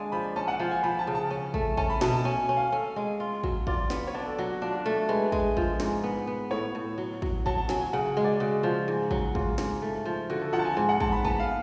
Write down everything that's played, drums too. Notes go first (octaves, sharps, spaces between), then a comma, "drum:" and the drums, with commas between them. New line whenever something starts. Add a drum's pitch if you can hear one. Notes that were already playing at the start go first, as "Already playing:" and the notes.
Already playing: G#3 D4 D5 F5 G#5
F3 B5
C#4 A5
F#5
F3 F5
G#5
F3 B5
A5
C#3
A5
C#4
A3, drum: kick
C#4 A5, drum: kick
B5
B2 A5, drum: snare
A5
C#4 G#5
G#5
C#4
F5
C#4 A4
G#3
F4
F#3, drum: kick
F4 D5, drum: kick
B3, drum: snare
C#5
D4 D5
A4
F#3 F#4
F#4
D4 F4
F#4
A3
G#3 B4
G#3, drum: kick
F3, drum: kick
G#2, drum: snare
B3
B3
A2 C#5
A2
F#3
F#3, drum: kick
F#3 A5, drum: kick
A5
F#3 G#5, drum: snare
G#5
C#3 F#5
G#3
D5
C#3 F#4
F3
G#2
F#3, drum: kick
G#2 F4, drum: kick
G#2, drum: snare
A3
F3
D3 F#4
A4
F3 F#5
A5
G#5
G#2 G#5
F#5
G#2 A5, drum: kick
B5
B3 A5, drum: kick
F5